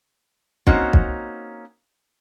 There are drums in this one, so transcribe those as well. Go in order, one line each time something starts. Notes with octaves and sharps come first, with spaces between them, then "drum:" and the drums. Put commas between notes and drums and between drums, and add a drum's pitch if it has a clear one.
A#3 C4 C#4 D#4 F#4, drum: kick
drum: kick